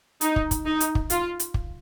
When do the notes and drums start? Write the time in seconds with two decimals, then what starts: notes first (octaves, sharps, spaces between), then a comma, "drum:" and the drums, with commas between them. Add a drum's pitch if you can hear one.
0.21 D#4, drum: hi-hat
0.36 drum: kick
0.51 drum: kick, hi-hat
0.66 D#4
0.80 drum: hi-hat
0.95 drum: kick
1.10 F4, drum: hi-hat
1.40 drum: hi-hat
1.54 drum: kick